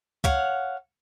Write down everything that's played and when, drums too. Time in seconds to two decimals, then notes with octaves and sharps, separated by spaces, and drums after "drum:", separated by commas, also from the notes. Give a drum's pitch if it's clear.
0.24 C#5 F5 F#5, drum: kick C#2